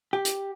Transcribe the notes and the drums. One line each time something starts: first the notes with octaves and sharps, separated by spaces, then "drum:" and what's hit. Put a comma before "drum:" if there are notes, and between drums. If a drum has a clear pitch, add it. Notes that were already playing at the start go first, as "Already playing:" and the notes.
G4
drum: hi-hat